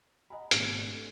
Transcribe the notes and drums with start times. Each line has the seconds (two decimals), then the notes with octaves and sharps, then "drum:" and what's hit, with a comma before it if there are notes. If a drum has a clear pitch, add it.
0.30 D#5 F#5 G#5 A#5 B5
0.51 G#1 B2 A3 D4 G4, drum: hi-hat
0.93 A4